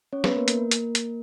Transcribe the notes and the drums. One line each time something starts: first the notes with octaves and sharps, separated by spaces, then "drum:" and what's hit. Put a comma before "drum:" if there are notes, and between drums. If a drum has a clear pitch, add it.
C#4 C#5
B3 B4, drum: snare
A#3 A#4
A#3 A#4, drum: hi-hat
drum: hi-hat
drum: hi-hat